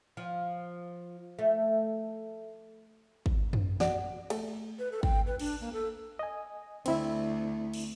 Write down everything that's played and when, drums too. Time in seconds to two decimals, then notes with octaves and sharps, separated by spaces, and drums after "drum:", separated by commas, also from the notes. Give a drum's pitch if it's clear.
0.17 F3
1.39 A3
3.26 drum: kick
3.53 drum: tom F#2
3.80 F#4 D5, drum: snare
4.30 A3, drum: cymbal
4.79 B4
4.92 A4
5.03 G5, drum: kick
5.27 B4
5.39 D4, drum: cymbal
5.61 A#3
5.73 A4
6.19 D#5 G#5
6.86 D2 C4 E4 E5, drum: cymbal
7.74 drum: cymbal